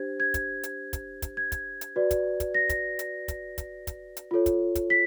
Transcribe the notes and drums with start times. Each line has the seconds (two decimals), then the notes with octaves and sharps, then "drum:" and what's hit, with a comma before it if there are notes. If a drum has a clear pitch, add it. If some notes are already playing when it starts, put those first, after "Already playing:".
Already playing: D4 G4 C5 G#6
0.20 G#6
0.34 drum: kick, hi-hat
0.63 drum: hi-hat
0.93 drum: kick, hi-hat
1.22 drum: kick, hi-hat
1.37 G#6
1.52 drum: kick, hi-hat
1.81 drum: hi-hat
1.96 F#4 B4 D5
2.11 drum: kick, hi-hat
2.40 drum: kick, hi-hat
2.54 A#6
2.69 drum: kick, hi-hat
2.99 drum: hi-hat
3.28 drum: kick, hi-hat
3.58 drum: kick, hi-hat
3.87 drum: kick, hi-hat
4.17 drum: hi-hat
4.31 F4 A4 C#5
4.46 drum: kick, hi-hat
4.75 drum: kick, hi-hat
4.90 B6